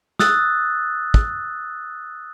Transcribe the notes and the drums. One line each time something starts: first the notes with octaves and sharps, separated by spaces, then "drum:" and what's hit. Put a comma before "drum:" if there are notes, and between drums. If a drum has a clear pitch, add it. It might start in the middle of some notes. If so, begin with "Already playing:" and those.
D#6 E6 F#6 A6, drum: snare
drum: kick